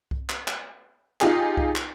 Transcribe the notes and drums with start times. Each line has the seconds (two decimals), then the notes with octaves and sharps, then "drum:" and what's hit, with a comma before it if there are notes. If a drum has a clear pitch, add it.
0.11 drum: kick C2
0.29 drum: clap
0.48 drum: clap
1.21 D#4 F4 G4 G#4, drum: clap
1.57 drum: kick C2
1.76 drum: clap